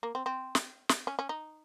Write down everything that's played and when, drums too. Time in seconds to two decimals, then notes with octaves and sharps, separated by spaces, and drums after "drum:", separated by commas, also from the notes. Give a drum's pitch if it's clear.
0.03 A#3
0.15 C4
0.26 C4
0.55 drum: snare
0.89 drum: snare
1.07 C#4
1.19 C#4
1.29 D#4